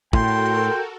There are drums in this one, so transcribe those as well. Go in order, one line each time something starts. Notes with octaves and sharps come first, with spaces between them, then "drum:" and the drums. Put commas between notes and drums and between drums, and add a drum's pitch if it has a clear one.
A2 F#4 A4 A#4 G5 C6, drum: kick